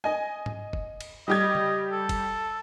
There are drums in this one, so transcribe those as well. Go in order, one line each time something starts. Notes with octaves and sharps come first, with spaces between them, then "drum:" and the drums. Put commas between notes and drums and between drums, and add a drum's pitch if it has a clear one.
D#5 G#5
drum: tom G#2
drum: kick
drum: cymbal
G3 G4 D#5 G#6
drum: tom C#3
A4
drum: kick, cymbal